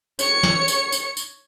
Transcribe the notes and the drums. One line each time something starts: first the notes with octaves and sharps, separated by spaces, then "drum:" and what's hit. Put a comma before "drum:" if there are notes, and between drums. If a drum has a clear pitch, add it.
C#5 C#7, drum: tambourine
drum: snare
drum: tambourine
drum: tambourine
drum: tambourine